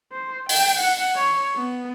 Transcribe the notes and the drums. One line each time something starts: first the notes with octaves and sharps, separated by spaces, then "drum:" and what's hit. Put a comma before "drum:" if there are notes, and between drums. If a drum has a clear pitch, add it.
C5
G5, drum: open hi-hat
F#5
C#5
B3